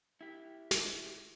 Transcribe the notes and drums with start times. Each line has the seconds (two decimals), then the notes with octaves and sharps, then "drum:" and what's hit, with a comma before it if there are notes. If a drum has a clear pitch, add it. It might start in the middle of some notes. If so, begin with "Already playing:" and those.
0.21 E4 G4
0.71 drum: snare